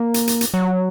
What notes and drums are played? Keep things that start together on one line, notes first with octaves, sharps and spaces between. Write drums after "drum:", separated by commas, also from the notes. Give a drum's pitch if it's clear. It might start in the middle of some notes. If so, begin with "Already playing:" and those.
Already playing: A#3
drum: hi-hat
drum: hi-hat
drum: hi-hat
F#3